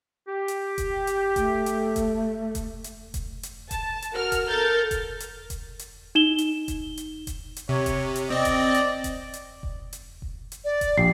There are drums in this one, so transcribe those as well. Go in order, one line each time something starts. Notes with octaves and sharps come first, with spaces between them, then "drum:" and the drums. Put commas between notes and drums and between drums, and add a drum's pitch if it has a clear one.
G4
drum: hi-hat
drum: kick E1, hi-hat
drum: hi-hat
A3, drum: kick E1, hi-hat
drum: hi-hat
drum: kick E1, hi-hat
drum: kick E1, hi-hat
drum: hi-hat
drum: kick E1, hi-hat
drum: hi-hat
A5, drum: kick E1, hi-hat
drum: hi-hat
F#4 A#4 F6
drum: kick E1, hi-hat
A4 A#4 F6 G6 A6
drum: kick E1, hi-hat
drum: hi-hat
drum: kick E1, hi-hat
drum: hi-hat
D#4 E7 G7
drum: hi-hat
drum: kick E1, hi-hat
drum: hi-hat
drum: kick E1, hi-hat
drum: hi-hat
C3 C#5
drum: kick E1, hi-hat
drum: hi-hat
C4 D5 D#5
drum: kick E1, hi-hat
drum: hi-hat
drum: kick E1, hi-hat
drum: hi-hat
drum: kick E1
drum: hi-hat
drum: kick E1
drum: hi-hat
D5
drum: kick E1, hi-hat
A#1 G4 C7